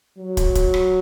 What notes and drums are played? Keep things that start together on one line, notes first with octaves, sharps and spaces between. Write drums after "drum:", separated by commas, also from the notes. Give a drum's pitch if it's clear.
F#3
drum: kick, hi-hat
drum: kick, hi-hat
drum: rim click